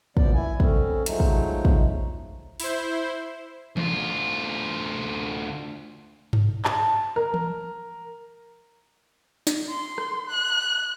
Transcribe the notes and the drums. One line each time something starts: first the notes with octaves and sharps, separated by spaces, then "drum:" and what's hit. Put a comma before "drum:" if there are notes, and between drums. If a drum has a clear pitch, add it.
F#2 F3 B3 D5, drum: kick
E4 G#5
D3 C4 C#4, drum: kick
F3 F#3 G#3 A3 D#4, drum: hi-hat
drum: kick
drum: kick
E4 C5, drum: open hi-hat
D2 F4, drum: tom E3
drum: tom G2
A5, drum: clap
A#4
drum: tom E3
drum: snare
C6
drum: rim click
F#6